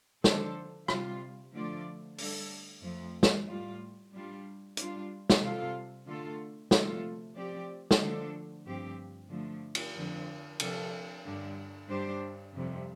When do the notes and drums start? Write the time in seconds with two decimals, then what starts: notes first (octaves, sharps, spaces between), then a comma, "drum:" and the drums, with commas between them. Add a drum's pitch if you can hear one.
0.24 D3 F3 D4 A4 C5, drum: snare
0.88 C3 G3 F4, drum: rim click
1.54 D3 F3 A3 F4 D5
2.18 G3 D4 A4, drum: open hi-hat
2.83 F2 F3 A3
3.23 drum: snare
3.48 A2 G3 F4
4.12 G3 D4 F4
4.77 G3 D4 F4, drum: hi-hat
5.30 drum: snare
5.42 C3 G3 F4 A4 F5
6.06 D3 A3 F4 A4
6.71 C3 F3 A3 F4 A4, drum: snare
7.36 F3 C4 G4 D5
7.91 drum: snare
8.00 D3 F3 A3 D4 A4
8.65 G2 F3 C4 G4
9.30 D3 F3 A3
9.75 drum: cymbal
9.95 F2 D3 F3
10.60 C3 F3 D4 A4, drum: cymbal
11.25 G2 D3 G3
11.88 G2 G3 D4 G4 C5
12.54 F2 C3 G3